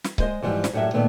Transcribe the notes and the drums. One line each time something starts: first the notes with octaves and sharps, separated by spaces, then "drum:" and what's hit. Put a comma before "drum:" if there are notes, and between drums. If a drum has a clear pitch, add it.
drum: snare
G#3 C5 D#5, drum: kick C#1
G#2 E3 F3 G3
drum: snare
F#2 A2 F#3 G3 E5
A#2 D#3 A3 B3